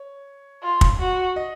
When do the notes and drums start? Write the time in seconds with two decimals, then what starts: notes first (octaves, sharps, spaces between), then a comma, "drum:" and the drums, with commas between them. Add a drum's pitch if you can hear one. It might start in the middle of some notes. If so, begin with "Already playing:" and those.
Already playing: C#5
0.63 F4
0.81 drum: kick
1.00 F#4
1.36 D#5